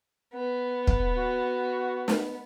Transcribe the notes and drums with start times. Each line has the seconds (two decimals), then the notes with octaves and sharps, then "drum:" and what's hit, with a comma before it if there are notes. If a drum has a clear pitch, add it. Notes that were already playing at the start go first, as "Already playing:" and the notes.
0.34 B3
0.87 drum: kick
1.17 F#4
2.08 drum: snare